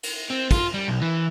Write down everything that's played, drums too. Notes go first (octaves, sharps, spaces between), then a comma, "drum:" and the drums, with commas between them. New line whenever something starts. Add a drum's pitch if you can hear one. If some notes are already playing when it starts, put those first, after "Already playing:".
drum: cymbal
C4
F4, drum: kick, cymbal
G3
B1
E3